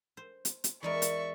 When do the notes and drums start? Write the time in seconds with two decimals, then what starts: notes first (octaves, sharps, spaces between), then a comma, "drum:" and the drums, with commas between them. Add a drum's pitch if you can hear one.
0.17 C5
0.45 drum: hi-hat
0.64 drum: hi-hat
0.83 E2 G#3 A#4 D5 E5 C#6
1.02 drum: hi-hat